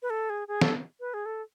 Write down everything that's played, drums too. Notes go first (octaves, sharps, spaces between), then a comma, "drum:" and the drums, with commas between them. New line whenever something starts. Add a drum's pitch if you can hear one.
B4
A4
G#4
G#4
A4, drum: snare
B4
G#4
A4